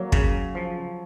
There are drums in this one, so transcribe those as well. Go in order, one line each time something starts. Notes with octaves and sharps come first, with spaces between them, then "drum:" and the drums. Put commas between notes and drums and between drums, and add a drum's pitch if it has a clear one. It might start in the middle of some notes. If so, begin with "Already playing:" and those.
Already playing: F#3 A#3
C#3, drum: kick
F3